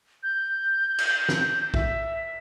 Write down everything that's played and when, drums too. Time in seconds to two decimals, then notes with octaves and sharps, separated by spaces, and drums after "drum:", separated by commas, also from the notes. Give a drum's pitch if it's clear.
0.23 G6
0.98 drum: cymbal
1.29 drum: snare
1.74 E5, drum: kick